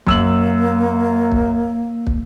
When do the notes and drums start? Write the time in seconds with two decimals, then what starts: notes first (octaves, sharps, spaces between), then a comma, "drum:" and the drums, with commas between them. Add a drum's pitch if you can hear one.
0.07 F#2 A#3 E6 F#7, drum: kick
1.32 drum: kick
2.07 drum: kick